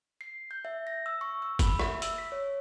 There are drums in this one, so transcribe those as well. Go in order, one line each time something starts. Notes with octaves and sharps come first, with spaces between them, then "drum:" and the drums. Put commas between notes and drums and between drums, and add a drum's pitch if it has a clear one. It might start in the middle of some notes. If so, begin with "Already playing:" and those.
C7
G6
E5
A#6
E6
C#6
E6
B5, drum: kick F#1, hi-hat
E5, drum: rim click
E6, drum: hi-hat
B6
C#5